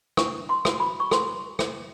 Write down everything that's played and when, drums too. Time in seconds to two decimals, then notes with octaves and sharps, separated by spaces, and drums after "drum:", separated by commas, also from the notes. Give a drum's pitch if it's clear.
0.17 D4 C#6, drum: rim click
0.49 C6
0.65 F#4, drum: rim click
0.80 B5
1.00 C#6
1.11 A4 C6, drum: rim click
1.59 A4, drum: rim click